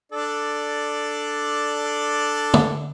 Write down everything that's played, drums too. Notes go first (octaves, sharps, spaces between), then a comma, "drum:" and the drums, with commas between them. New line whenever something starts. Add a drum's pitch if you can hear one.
D4 A4 D5
drum: tom